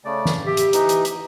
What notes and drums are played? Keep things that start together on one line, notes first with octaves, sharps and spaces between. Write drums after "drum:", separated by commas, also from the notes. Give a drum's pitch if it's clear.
C#3 A3 D5
drum: snare
G4 E5
drum: hi-hat
E3 D#4, drum: hi-hat
drum: hi-hat
drum: hi-hat